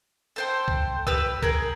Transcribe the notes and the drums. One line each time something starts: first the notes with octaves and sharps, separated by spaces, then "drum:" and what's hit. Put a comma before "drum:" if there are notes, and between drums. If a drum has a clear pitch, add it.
A4 C5 G5
drum: kick C2
G4 B4 E6, drum: kick C2
G#4 A#4, drum: kick C2